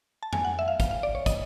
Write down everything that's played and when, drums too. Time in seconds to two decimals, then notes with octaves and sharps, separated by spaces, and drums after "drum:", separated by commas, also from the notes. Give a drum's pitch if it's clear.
0.23 A5
0.33 G#5, drum: tom F2
0.45 F#5
0.59 E5
0.68 F5
0.80 F5, drum: kick, hi-hat
0.91 F5
1.03 D5
1.15 C#5
1.26 D#5, drum: kick, hi-hat